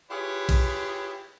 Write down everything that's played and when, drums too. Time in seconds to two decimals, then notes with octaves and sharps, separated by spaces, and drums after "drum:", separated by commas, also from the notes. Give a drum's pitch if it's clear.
0.10 E4 F4 G4 G#4 B4 C#5
0.49 drum: kick, cymbal